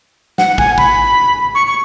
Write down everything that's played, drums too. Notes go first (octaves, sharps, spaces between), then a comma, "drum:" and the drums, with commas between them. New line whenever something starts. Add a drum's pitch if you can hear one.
F#5, drum: snare
G#5, drum: kick
B5, drum: kick
C#6
C#6